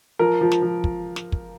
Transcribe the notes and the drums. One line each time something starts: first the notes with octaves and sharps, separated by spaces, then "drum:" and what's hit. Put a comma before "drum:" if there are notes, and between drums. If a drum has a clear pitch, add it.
F3 A#4
F3
drum: snare
F3
drum: kick
drum: snare
drum: kick